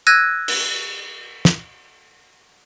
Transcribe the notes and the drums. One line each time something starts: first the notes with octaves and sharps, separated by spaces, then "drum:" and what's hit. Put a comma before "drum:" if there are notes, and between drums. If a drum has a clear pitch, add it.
E6 F#6 G#6 A#6 D#7
drum: cymbal
drum: snare